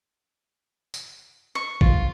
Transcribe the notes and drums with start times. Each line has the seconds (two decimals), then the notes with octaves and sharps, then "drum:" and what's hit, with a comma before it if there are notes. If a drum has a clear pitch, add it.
0.94 drum: tambourine
1.55 C#6
1.81 F4, drum: kick